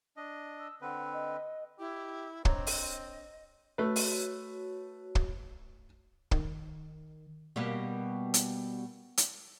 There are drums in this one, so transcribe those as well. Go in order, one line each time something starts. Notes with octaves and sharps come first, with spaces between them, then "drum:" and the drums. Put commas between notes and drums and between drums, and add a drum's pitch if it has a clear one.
D4 D#5
E6
D3 C4 B4 F#5
D#5
E4 G4
C4 D4 C#5 D#5 A#5, drum: kick
drum: open hi-hat
A3 F#4 B4 C#5
drum: open hi-hat
drum: kick
D#3, drum: kick
B2 G3 A#3
drum: hi-hat
drum: hi-hat